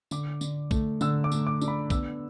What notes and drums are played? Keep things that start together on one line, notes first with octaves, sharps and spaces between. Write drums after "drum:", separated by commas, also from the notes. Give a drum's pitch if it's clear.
D3 D6, drum: tambourine
D3, drum: tambourine
A3, drum: kick, tambourine
D3 E6, drum: tambourine
D6
A3, drum: tambourine
D6
D4, drum: tambourine
B5
B3 E6, drum: kick, tambourine